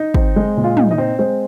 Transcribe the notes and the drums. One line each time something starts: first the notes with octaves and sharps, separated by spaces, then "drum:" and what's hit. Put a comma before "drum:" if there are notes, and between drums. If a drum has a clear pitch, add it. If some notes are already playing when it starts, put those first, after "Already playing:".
Already playing: D#4
C4, drum: kick
G#3
A#2
F4 F5
D#4, drum: tom
D#4 D#5
C4
G#3 C4 C5